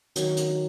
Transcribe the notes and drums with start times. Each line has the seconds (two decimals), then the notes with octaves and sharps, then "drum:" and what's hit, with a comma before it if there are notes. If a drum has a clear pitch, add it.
0.16 D#3 F#3 C#5, drum: hi-hat
0.37 drum: hi-hat